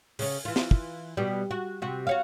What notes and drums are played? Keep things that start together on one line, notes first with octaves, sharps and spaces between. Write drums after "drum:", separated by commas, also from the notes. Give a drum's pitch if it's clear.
C#3 C#4, drum: open hi-hat
E3 F4
drum: snare
drum: kick
B2 G3
F#4
C3 F#4
F#4 C#5 F5